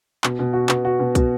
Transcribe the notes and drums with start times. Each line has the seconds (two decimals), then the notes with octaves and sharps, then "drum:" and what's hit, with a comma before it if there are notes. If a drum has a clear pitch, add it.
0.24 B2, drum: clap
0.39 B2
0.53 F#4
0.69 B2, drum: clap
0.85 F#4
0.99 B2
1.15 B2, drum: kick, hi-hat